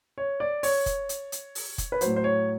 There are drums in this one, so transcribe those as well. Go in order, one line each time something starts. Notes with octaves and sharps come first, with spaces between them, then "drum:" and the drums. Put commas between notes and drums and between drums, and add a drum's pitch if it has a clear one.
C#5
D5
C#5, drum: open hi-hat
drum: kick F1, hi-hat
drum: hi-hat
drum: hi-hat
drum: open hi-hat
drum: kick F1, hi-hat
B4
A2 F#3 C5, drum: hi-hat
C5
C#5